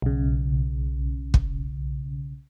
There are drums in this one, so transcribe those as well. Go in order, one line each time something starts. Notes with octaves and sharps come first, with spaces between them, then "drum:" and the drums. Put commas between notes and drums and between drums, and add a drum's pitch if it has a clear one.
B1 C#3
drum: kick